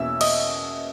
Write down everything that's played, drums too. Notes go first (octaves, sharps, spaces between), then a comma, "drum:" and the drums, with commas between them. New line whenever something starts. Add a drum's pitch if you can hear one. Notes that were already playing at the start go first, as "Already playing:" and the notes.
Already playing: E2 B2 A#3 C#4 E5 E6
D#5 D#6, drum: cymbal